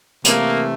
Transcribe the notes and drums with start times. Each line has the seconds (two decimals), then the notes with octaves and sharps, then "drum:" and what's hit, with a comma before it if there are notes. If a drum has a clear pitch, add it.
0.25 C3 E3 A3 A#3, drum: hi-hat